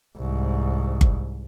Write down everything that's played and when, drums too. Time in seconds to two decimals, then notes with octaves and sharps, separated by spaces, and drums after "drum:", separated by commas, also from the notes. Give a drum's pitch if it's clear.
0.17 C2 G#2
1.01 drum: kick G1